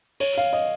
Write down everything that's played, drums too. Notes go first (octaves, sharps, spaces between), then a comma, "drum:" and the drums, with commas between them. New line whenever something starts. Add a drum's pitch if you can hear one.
C#5, drum: cymbal
F5
D#5